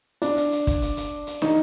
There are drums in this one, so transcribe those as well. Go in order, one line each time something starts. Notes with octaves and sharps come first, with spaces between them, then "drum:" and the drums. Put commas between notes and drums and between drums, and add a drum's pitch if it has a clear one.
D4, drum: hi-hat
drum: hi-hat
drum: hi-hat
drum: kick, hi-hat
drum: hi-hat
drum: hi-hat
drum: hi-hat
D#4, drum: snare